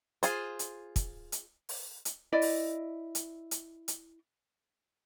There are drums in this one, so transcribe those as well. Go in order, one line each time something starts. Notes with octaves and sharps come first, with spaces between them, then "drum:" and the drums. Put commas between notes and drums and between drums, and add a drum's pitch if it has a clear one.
F4 G#4 C5, drum: hi-hat
drum: hi-hat
drum: kick, hi-hat
drum: hi-hat
drum: open hi-hat
drum: hi-hat
E4 D5 D#5
drum: open hi-hat
drum: hi-hat
drum: hi-hat
drum: hi-hat